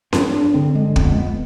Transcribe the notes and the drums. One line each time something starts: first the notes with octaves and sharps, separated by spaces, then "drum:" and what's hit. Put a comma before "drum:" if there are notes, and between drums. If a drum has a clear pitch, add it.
G2 C4, drum: snare C#4
D4
D3 C4
G#3
F2 C4, drum: kick
B3
G#3
B3